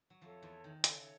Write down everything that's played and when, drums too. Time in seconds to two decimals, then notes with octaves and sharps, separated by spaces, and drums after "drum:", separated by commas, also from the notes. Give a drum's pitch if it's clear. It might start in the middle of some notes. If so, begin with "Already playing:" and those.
0.10 F#3
0.21 F2 F3 A4 C#5 E5
0.42 E2 E3
0.64 D#3
0.84 C#3 A4 C#5 E5, drum: hi-hat